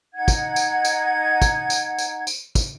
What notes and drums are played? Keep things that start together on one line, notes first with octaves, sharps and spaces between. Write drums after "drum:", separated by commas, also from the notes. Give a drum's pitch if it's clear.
D#4 F#5 G#6
drum: kick, tambourine
drum: tambourine
drum: tambourine
drum: kick, tambourine
drum: tambourine
drum: tambourine
drum: tambourine
drum: kick, tambourine